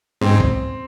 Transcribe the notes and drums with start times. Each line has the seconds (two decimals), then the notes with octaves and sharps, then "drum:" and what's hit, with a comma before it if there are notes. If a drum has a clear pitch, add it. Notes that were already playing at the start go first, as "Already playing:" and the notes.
0.21 G#2 C4
0.40 drum: kick